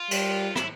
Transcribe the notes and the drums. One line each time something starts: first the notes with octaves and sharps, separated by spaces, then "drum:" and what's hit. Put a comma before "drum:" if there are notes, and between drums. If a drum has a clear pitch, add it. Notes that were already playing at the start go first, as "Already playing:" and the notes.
Already playing: F4
G3, drum: cymbal
E4, drum: rim click